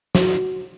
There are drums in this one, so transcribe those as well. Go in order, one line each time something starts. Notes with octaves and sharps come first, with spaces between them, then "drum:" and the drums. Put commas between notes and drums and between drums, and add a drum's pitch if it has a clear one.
F#4, drum: snare